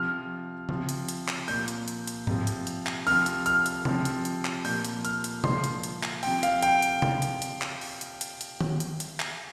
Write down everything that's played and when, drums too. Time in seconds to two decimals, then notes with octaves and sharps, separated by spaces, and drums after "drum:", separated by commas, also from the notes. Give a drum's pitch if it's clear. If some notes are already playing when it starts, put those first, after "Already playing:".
Already playing: C3 F3 F6
0.69 C3 F3, drum: tom C#3
0.89 drum: hi-hat
1.09 drum: hi-hat
1.28 drum: clap
1.48 A#2 F3 G6, drum: open hi-hat
1.68 drum: hi-hat
1.88 drum: hi-hat
2.07 drum: hi-hat
2.27 C3 F3, drum: tom G#2
2.47 drum: hi-hat
2.67 drum: hi-hat
2.87 drum: clap
3.07 C3 F3 F6, drum: open hi-hat
3.26 drum: hi-hat
3.46 F6, drum: hi-hat
3.66 drum: hi-hat
3.85 C3 F3, drum: tom C3
4.05 drum: hi-hat
4.25 drum: hi-hat
4.45 drum: clap
4.65 A#2 F3 G6, drum: open hi-hat
4.85 drum: hi-hat
5.05 F6, drum: hi-hat
5.24 drum: hi-hat
5.44 A#2 F3 C6, drum: tom C3
5.64 drum: hi-hat
5.83 drum: hi-hat
6.03 drum: clap
6.23 C3 F3 G5, drum: open hi-hat
6.43 F5, drum: hi-hat
6.62 G5, drum: hi-hat
6.82 drum: hi-hat
7.02 drum: tom C3
7.22 drum: hi-hat
7.42 drum: hi-hat
7.62 drum: clap
7.81 drum: open hi-hat
8.01 drum: hi-hat
8.21 drum: hi-hat
8.41 drum: hi-hat
8.61 drum: tom D#3
8.80 drum: hi-hat
9.00 drum: hi-hat
9.20 drum: clap